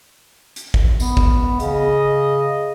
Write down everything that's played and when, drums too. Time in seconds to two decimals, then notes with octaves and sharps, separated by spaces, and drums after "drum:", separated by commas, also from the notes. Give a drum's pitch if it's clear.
0.56 drum: hi-hat
0.74 drum: kick
1.00 B3, drum: tambourine
1.17 drum: kick
1.60 C#3 D#5, drum: hi-hat